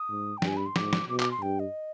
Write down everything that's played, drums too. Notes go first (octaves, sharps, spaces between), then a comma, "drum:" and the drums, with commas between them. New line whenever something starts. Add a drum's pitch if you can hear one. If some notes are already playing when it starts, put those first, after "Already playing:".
Already playing: D#6
G#2
G5
G2 G#5, drum: snare
B5
C6
G#2 D6, drum: snare
drum: snare
B2 D6
D6, drum: clap
C6
G2 G5
D#5